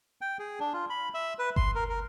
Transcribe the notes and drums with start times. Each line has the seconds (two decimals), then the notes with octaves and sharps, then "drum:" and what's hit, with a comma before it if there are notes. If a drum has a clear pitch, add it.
0.21 G5
0.39 G#4
0.60 D4
0.73 F4
0.90 B5
1.14 E5
1.39 B4
1.56 C6, drum: kick G1
1.75 A#4
1.89 A#4